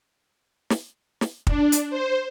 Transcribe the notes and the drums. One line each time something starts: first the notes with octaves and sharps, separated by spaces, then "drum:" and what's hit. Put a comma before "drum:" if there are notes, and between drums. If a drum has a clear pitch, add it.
drum: snare
drum: snare
D4, drum: kick
drum: hi-hat
C5